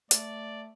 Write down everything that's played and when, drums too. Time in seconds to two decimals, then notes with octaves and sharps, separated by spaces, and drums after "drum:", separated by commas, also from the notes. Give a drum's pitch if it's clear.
0.11 A3 D5, drum: hi-hat